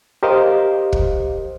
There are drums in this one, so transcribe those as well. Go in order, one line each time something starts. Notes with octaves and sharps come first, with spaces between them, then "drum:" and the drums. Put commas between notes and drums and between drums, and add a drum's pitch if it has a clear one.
G4 A#4 C5 D#5 F5
drum: kick